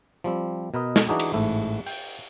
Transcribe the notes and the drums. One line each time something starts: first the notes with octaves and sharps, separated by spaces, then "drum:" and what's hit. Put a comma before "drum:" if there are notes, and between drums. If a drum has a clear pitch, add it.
F3 G3 C4
B2 A#4 B4 D#5
drum: snare
E3 D4 D#4 F#4 G#4
drum: cymbal
A1 G#2 A3 E4
G5, drum: open hi-hat